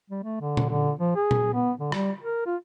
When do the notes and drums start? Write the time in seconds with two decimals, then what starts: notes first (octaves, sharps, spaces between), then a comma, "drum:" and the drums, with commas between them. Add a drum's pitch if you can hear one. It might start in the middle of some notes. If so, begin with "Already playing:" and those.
0.10 G3
0.23 A3
0.41 D3
0.57 drum: tom A#2
0.70 D3
0.99 F3
1.16 G#4
1.31 drum: tom A#2
1.53 B3
1.80 D3
1.92 G3, drum: rim click
2.23 A#4
2.46 F4